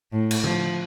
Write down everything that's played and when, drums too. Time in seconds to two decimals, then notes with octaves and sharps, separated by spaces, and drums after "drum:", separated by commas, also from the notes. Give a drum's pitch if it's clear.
0.12 A2
0.31 drum: cymbal
0.44 F3, drum: tom D3